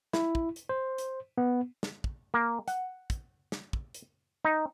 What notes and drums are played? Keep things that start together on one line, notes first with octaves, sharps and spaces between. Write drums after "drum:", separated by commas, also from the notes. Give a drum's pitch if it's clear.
E4, drum: snare
drum: kick
drum: hi-hat
C5
drum: hi-hat
B3
drum: snare
drum: kick
A#3
F#5, drum: hi-hat
drum: kick, hi-hat
drum: snare
drum: kick
drum: hi-hat
D#4